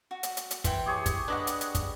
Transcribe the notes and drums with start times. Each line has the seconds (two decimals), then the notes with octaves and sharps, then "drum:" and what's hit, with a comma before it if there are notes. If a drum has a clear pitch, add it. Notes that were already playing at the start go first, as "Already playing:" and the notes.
0.11 F#4
0.23 drum: hi-hat
0.37 drum: hi-hat
0.51 drum: hi-hat
0.64 E3 C5 G5, drum: kick, hi-hat
0.86 G4 G#4 C#5
1.06 drum: kick, hi-hat
1.28 D4 B4 D#5 F#5
1.47 drum: hi-hat
1.61 drum: hi-hat
1.75 drum: kick, hi-hat